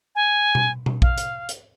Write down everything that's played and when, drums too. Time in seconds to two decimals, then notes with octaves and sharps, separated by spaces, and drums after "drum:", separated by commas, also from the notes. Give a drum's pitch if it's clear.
0.15 G#5
0.55 drum: tom B2
0.86 drum: tom B2
1.02 F5, drum: kick A#1
1.18 drum: hi-hat
1.49 drum: hi-hat